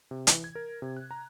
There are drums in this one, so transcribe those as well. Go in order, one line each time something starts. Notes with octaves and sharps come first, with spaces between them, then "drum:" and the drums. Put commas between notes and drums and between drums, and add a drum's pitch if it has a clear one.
C3
E3, drum: hi-hat
G#6
A#4
C3
F#6
A#5